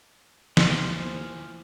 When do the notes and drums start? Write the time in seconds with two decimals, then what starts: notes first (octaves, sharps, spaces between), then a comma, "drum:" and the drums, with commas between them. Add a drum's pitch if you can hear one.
0.57 D#2 E3 F3 C5 F6, drum: snare